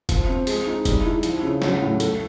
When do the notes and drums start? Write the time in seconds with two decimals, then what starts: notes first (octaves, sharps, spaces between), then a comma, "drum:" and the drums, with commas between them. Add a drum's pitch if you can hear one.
0.09 F3, drum: kick F1, hi-hat
0.28 C4
0.47 G#3, drum: open hi-hat
0.66 D#4
0.85 G3, drum: kick F1, hi-hat
1.04 E4
1.23 F3, drum: hi-hat
1.43 C#3
1.62 F#3, drum: snare
1.80 A2
2.00 A3, drum: hi-hat